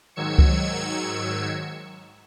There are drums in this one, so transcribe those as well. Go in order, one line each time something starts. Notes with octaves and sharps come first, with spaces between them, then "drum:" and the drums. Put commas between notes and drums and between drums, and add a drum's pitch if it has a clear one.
G#2 D#3 F#3 E6 G#6 C#7
drum: kick C#2